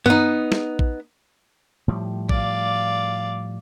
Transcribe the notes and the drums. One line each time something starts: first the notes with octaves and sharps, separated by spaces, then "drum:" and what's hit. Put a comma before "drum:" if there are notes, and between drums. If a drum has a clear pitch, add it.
B3 D#4, drum: tom G2
drum: snare
drum: kick A#1
A2 F3 G3
D5 F5, drum: kick A#1